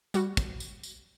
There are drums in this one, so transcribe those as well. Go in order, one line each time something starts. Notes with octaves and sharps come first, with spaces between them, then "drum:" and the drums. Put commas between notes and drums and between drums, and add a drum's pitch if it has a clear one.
G3 F#4, drum: tambourine
drum: kick, tambourine
drum: tambourine
drum: tambourine